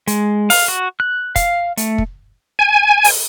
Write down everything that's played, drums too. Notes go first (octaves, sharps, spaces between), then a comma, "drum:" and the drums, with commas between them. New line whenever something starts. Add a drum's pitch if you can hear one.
G#3, drum: hi-hat
F5, drum: open hi-hat
F#4
F#6
F5, drum: kick, hi-hat
A3, drum: hi-hat
drum: kick
G#5
drum: open hi-hat